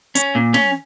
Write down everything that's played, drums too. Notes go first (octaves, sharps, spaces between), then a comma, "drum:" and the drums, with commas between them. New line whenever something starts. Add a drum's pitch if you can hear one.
C#4, drum: hi-hat
A#2
C#4, drum: snare